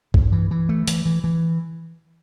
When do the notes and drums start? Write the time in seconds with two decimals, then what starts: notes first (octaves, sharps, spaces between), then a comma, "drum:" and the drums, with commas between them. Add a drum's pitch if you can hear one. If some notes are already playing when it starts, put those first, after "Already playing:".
0.14 G2, drum: kick B1
0.32 E3
0.51 E3
0.69 A3
0.88 E3, drum: hi-hat
1.06 E3
1.24 E3